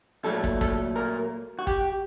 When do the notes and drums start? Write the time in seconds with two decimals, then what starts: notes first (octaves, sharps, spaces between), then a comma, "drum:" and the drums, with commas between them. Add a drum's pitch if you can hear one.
0.24 A#2 F#3 A3 A4
0.44 drum: kick
0.61 A4, drum: kick
0.96 A#4
1.59 F#4
1.67 G4, drum: kick